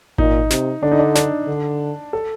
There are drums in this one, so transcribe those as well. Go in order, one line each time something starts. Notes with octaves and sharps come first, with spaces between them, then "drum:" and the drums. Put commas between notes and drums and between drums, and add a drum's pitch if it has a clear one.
A#2 D#4, drum: kick G#1
C3, drum: snare
D3 D4
D#4
D4
D4, drum: snare
D3
A4